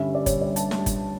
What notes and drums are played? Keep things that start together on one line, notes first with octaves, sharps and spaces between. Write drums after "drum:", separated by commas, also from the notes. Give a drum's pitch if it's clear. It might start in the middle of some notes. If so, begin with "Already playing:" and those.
Already playing: G2 D3 G3 C#4 E5
D5
C#5, drum: kick G1, hi-hat
D5
A5, drum: hi-hat
drum: snare
drum: kick G1, hi-hat